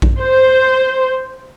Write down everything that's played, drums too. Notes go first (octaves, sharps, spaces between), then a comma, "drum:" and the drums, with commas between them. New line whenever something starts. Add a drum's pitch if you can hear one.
drum: kick A#1
C5